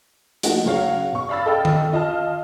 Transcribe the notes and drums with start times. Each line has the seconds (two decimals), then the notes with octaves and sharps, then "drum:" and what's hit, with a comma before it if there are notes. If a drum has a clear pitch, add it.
0.43 F3 A3 A#3 D4 D#4 F#4, drum: hi-hat
0.65 C#3 F#3 C#5 F5 F#5
1.12 B2 C#6
1.29 D5 F5 B5 E6 A6
1.46 A4 D#5 G5 E6 F6
1.65 drum: tom D#3
1.93 F4 D#5 F5 A5 F6